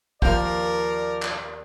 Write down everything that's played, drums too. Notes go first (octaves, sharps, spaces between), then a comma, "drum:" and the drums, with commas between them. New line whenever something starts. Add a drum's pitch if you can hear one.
D#2 F3 A#3 A#4 D5 F5 G6, drum: kick
drum: clap